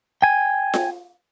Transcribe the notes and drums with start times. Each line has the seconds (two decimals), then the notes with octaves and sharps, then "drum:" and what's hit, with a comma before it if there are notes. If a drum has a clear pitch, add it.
0.22 G5 G#5
0.74 drum: snare F4